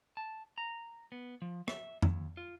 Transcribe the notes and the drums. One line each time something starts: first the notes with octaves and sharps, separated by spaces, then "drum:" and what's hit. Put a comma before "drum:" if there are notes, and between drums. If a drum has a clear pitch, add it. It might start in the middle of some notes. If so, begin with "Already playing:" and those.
A5
A#5
B3
F3
E5, drum: rim click
D#2, drum: tom F2
F4